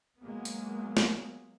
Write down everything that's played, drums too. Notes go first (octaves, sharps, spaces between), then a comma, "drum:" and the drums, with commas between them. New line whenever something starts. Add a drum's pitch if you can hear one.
F#3 G#3 A#3 B3
drum: hi-hat
drum: snare A3